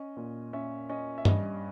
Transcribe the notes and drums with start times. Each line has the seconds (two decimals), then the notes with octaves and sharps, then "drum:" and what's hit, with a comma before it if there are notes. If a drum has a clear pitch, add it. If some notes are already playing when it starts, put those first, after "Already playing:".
Already playing: C#4 D#5
0.17 A#2
0.53 C#4 E5
0.89 C#4 D#5
1.18 E5
1.25 G2 D#5, drum: tom G2